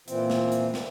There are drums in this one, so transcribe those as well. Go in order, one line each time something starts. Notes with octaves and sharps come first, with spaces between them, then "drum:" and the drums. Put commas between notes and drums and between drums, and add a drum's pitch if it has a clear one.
A#2 E3 C4, drum: hi-hat
drum: snare
drum: hi-hat
drum: snare